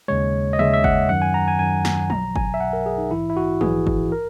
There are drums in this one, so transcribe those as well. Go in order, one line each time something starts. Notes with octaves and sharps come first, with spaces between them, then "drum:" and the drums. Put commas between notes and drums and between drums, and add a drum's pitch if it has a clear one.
D#2 C#3 G#3 C#5
D#5
D#2 C#3 G#3 E5, drum: tom
E5
F#5, drum: kick G1
F#2 D#3 F#3 F#5
G#5
A#5
G#5
F#2 D#3 F#3 G#5
drum: snare
B1 B2 F#3 A#5, drum: tom
G#5, drum: kick G1
E5
B1 B2 F#3 F#5
A#4
G#4
D#4
A#1 G#2 E3 E4
E4
F#4
A#1 G#2 E3 G#4, drum: tom
drum: kick G1
A#4